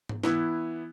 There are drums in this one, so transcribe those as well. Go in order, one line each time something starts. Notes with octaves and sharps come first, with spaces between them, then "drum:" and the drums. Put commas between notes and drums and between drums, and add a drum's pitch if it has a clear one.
drum: tom G#2
E3 B3 E4, drum: snare